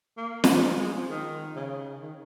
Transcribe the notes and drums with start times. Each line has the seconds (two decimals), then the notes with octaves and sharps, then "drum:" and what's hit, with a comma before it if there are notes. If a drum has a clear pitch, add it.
0.18 A#3
0.44 drum: snare
0.57 G#3
0.63 F3
0.79 G#3
0.94 F3
1.10 D#3
1.56 C#3
2.03 D#3